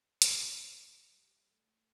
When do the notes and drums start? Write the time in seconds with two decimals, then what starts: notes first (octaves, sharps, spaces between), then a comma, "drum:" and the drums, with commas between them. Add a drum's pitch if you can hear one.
0.22 A3, drum: hi-hat
0.60 F#4
0.79 G#3
1.10 G3
1.51 A3